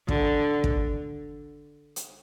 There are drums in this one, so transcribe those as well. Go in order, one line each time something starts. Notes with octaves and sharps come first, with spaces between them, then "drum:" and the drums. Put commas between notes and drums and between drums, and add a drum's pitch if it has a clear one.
D3, drum: kick
drum: kick
drum: hi-hat